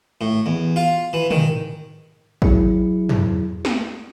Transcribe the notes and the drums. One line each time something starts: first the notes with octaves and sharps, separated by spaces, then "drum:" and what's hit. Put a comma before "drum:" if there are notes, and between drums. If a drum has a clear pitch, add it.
A2
E2
F4
E3
D#3, drum: tom
F#3 E4 G#4, drum: kick
drum: tom
drum: snare